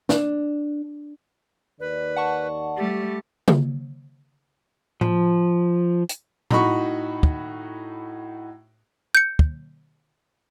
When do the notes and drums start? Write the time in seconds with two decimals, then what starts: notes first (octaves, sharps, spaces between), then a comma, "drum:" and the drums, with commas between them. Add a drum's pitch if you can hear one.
0.09 D4, drum: snare
1.80 D#2 D#3 B4 D5
2.16 F#5 A5 C#6
2.77 G3 A3 G4
3.48 drum: tom C#3
5.01 F3, drum: tom A2
6.09 drum: hi-hat
6.51 A2 D#4 F#4 B5 C#6, drum: tom A2
7.23 drum: kick
9.15 G6 C#7
9.39 drum: kick